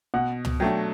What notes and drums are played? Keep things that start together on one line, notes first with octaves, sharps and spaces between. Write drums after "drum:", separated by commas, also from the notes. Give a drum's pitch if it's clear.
B2 F#5
drum: tom
F#3 A3 D4 G5